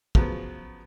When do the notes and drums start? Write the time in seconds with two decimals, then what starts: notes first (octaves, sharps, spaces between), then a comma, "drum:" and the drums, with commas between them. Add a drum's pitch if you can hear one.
0.15 C#3 F3 F#3 B3, drum: kick